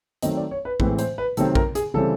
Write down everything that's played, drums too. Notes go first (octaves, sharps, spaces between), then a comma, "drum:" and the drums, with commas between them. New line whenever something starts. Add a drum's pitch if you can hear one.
D#3 F#3 A3 C4 D#5, drum: hi-hat
D5
C#5
B4
A2 E3 G#3 C4 B4, drum: kick A#1
C5, drum: hi-hat
B4
C3 D#3 F#3 A3 C4 A4, drum: hi-hat
A#4, drum: kick A#1
G#4, drum: hi-hat
C#3 E3 G3 C4 A4